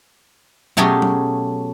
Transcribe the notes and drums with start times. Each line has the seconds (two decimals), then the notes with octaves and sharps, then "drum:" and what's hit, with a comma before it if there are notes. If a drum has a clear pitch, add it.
0.77 B2 F#3 A3 C#4 G4 G#4, drum: tom F#3
1.02 drum: tom F#3